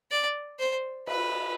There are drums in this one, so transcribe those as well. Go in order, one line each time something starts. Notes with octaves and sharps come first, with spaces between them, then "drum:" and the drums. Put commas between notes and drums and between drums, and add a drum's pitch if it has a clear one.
D5
C5
B4, drum: cymbal